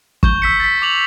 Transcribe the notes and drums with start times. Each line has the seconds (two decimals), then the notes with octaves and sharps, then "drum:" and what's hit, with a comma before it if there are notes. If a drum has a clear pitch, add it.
0.23 C#6 G6 G7, drum: kick
0.42 E6 B6 C#7
0.60 A6 B6
0.82 D6 F7 F#7